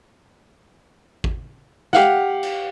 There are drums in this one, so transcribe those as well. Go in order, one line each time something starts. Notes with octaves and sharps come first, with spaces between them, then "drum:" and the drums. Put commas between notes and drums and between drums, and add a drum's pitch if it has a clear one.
drum: kick
G4 F5 F#5, drum: snare
drum: cymbal